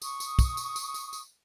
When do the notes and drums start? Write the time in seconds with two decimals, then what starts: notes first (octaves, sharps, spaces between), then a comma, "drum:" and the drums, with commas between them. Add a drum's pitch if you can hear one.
0.02 C#6 D#6, drum: tambourine
0.20 drum: tambourine
0.39 drum: kick, tambourine
0.57 drum: tambourine
0.76 drum: tambourine
0.94 drum: tambourine
1.13 drum: tambourine